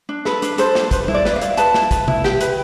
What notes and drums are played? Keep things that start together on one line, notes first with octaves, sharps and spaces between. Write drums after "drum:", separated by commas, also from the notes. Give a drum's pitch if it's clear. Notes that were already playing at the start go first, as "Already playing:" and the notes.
D4
A4 B4, drum: snare
D4, drum: hi-hat
A4 C5, drum: hi-hat
D4, drum: snare
B4 C5, drum: kick, hi-hat
E4, drum: tom G3
D5
B4, drum: snare
F5
E4, drum: hi-hat
B4 A5, drum: hi-hat
E4, drum: snare
B4, drum: kick, hi-hat
E4, drum: tom C3
G4 G5, drum: snare
B4, drum: hi-hat